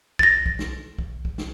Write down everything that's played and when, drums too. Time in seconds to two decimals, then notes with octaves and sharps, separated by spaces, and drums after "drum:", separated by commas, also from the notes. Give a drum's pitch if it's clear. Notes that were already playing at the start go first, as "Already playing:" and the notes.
0.19 A6 A#6, drum: kick
0.46 drum: kick
0.59 drum: snare
0.99 drum: kick
1.25 drum: kick
1.38 drum: snare